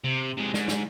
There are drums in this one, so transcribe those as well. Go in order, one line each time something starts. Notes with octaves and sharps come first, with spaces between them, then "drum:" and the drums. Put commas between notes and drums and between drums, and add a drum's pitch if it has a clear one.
C3
C3 G#3
G#2, drum: snare
drum: snare